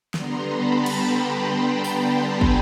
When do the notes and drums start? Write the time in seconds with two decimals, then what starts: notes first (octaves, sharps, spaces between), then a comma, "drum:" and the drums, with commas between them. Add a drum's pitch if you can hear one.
0.14 D3 G3 B3 A#5 C6, drum: snare
0.51 A5 B5
0.86 G5 A5, drum: cymbal
1.84 drum: tambourine
2.30 G#5 A#5
2.41 drum: kick